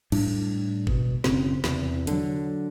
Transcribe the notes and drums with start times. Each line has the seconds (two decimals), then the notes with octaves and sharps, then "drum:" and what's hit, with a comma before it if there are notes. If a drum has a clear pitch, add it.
0.12 A2 G3 D4, drum: cymbal
0.87 B2, drum: kick G1
1.24 F#1 C#3 C4, drum: snare
1.64 E2 C3, drum: snare
2.07 D3 F#3, drum: hi-hat